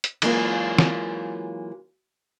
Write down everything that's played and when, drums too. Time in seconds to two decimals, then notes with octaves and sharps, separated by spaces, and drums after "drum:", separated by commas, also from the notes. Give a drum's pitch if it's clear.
0.04 drum: hi-hat
0.22 E3 F#3 G#3 A#3 C#4 F4, drum: cymbal
0.79 drum: snare